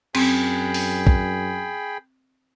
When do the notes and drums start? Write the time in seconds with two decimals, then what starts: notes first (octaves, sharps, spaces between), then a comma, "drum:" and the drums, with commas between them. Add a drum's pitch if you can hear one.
0.15 F#2 C4 G#4 G5 B5, drum: cymbal
0.74 drum: open hi-hat
1.07 drum: kick A#1